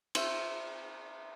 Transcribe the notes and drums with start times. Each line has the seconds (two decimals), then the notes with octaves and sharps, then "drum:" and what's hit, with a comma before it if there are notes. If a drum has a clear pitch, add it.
0.15 C5 E5, drum: cymbal